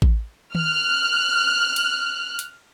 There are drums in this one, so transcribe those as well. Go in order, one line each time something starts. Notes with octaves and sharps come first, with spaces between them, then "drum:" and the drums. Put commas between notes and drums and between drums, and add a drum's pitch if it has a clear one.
drum: kick A1
F6 F#6, drum: tom D#3
drum: cymbal
drum: hi-hat